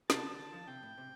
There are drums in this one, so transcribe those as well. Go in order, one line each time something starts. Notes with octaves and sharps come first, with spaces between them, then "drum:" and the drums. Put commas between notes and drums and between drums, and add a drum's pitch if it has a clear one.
C3 A5, drum: snare
D3
D3 A5
F3
C3 G5
A2
C3